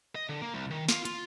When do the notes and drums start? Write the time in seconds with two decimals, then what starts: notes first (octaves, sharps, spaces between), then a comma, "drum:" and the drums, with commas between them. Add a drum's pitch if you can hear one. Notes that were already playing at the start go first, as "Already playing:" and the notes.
0.15 D#5
0.29 D3
0.42 A#3
0.54 C2
0.71 D#3
0.89 F4, drum: snare
1.05 F4, drum: hi-hat